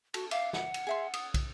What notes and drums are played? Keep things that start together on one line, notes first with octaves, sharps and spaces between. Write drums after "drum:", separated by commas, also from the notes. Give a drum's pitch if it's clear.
F#4 A4, drum: cymbal
E5 F5 D6, drum: cymbal
F#5, drum: snare
drum: cymbal
G#4 E5 C6
D#6, drum: cymbal
drum: kick, cymbal